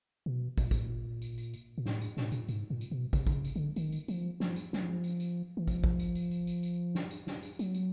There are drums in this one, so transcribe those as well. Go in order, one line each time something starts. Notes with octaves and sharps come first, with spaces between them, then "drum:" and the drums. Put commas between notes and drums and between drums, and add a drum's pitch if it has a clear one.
B2
A#2, drum: kick, tambourine
A2, drum: kick, tambourine
A#2
drum: tambourine
drum: tambourine
drum: tambourine
A#2
A2, drum: snare
drum: tambourine
A#2, drum: snare
A2
A#2, drum: tambourine
G#2, drum: tambourine
A#2
drum: tambourine
B2
C3, drum: kick, tambourine
D3, drum: kick, tambourine
C#3
drum: tambourine
D3
D#3, drum: tambourine
drum: tambourine
F3, drum: tambourine
F3, drum: snare
drum: tambourine
F#3, drum: snare
F3
drum: tambourine
drum: tambourine
E3
F3, drum: kick, tambourine
drum: kick
drum: tambourine
drum: tambourine
drum: tambourine
drum: tambourine
drum: tambourine
drum: snare
drum: tambourine
drum: snare
drum: tambourine
F#3, drum: tambourine
drum: tambourine